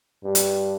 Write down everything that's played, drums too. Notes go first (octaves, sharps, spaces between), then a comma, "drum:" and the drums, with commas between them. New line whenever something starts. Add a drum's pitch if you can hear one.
G2
drum: hi-hat